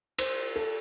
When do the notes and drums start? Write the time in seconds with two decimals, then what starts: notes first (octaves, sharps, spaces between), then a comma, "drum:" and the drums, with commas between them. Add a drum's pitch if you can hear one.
0.18 C5, drum: cymbal
0.56 A4